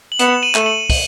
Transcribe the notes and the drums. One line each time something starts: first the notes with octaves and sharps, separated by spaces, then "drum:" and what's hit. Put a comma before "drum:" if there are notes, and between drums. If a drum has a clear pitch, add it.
F#7
B3 C#7 E7, drum: hi-hat
D#7 F#7
A3, drum: clap
D#7 F#7
D#7 F#7, drum: kick, open hi-hat